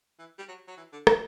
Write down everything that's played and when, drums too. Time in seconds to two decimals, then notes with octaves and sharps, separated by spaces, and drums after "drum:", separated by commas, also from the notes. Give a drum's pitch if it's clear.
0.19 E3
0.38 G3
0.48 F#3
0.67 F#3
0.77 E3
0.92 D3
1.07 E3, drum: rim click